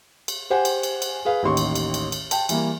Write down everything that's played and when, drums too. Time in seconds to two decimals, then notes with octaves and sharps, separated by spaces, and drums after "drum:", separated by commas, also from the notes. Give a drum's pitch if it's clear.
0.28 drum: cymbal
0.50 G4 C5 F#5 G#5
0.65 drum: cymbal
0.83 drum: cymbal
1.02 drum: cymbal
1.25 G#4 B4 F5
1.43 A1 D#2 D#3 C6 C#6
1.57 drum: cymbal
1.75 drum: cymbal
1.94 drum: cymbal
2.12 drum: cymbal
2.31 G5 A5, drum: cymbal
2.49 E3 G3 A#3, drum: cymbal